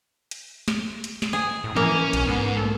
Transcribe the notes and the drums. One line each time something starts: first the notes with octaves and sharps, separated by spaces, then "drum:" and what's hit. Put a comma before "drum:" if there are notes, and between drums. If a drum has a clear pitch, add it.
drum: hi-hat
drum: snare
drum: hi-hat
drum: snare
G#4
A2
E3 A#3 C#4, drum: tom E3
B1, drum: hi-hat
G#2 B3
A4